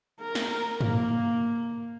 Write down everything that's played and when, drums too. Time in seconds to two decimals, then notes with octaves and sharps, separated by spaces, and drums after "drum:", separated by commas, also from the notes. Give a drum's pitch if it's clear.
0.21 A#4
0.35 drum: snare
0.81 A#3, drum: tom G2